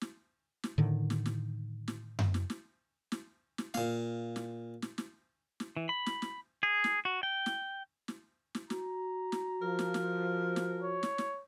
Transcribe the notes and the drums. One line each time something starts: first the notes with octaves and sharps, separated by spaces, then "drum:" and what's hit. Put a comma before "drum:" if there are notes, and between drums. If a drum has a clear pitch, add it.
drum: snare
drum: snare
A2 D3 D#3
drum: snare
drum: snare
drum: snare
drum: tom F#2
drum: snare
drum: snare
drum: snare
drum: snare
A#2 F5, drum: snare
drum: snare
drum: snare
drum: snare
drum: snare
E3
B5
drum: snare
drum: snare
G#4
drum: snare
F#4
G5
drum: snare
drum: snare
drum: snare
F#4 A#5, drum: snare
drum: snare
F3 A#4
drum: snare
drum: snare
drum: snare
C#5
drum: snare
drum: snare